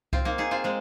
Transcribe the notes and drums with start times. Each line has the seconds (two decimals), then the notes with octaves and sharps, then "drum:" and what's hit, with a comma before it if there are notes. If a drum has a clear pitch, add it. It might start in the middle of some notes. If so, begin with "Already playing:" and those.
0.13 C4 F4, drum: kick C2
0.25 A#3 D#4
0.38 D#4 G#4
0.51 C4 F4
0.64 G#3 C4